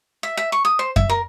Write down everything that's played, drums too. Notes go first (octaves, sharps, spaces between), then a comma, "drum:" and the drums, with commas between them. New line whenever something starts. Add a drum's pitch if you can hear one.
E5
E5
C#6
D#6
C5
E5, drum: kick F#2
A#4